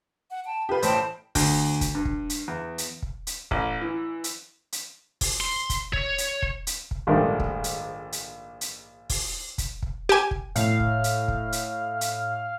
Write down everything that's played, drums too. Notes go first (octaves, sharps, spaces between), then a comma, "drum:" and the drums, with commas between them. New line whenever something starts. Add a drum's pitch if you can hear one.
F#5
G5 A5
F4 G4 B4
A1 E4 C5 G5 A5, drum: hi-hat
D2, drum: kick, open hi-hat
drum: kick, hi-hat
G2
drum: kick
drum: hi-hat
E2
drum: hi-hat
drum: kick
drum: hi-hat
A1, drum: kick
E3
drum: hi-hat
drum: hi-hat
drum: kick, open hi-hat
C6
drum: kick, hi-hat
C#5, drum: kick
drum: hi-hat
drum: kick
drum: hi-hat
drum: kick
A#1 G#2 D#3 G3 A3 D#4
drum: kick
drum: hi-hat
drum: hi-hat
drum: hi-hat
drum: kick, open hi-hat
drum: kick, hi-hat
drum: kick
G4 G#5
drum: kick
A2 F5, drum: hi-hat
drum: kick
drum: hi-hat
drum: kick
drum: hi-hat
drum: hi-hat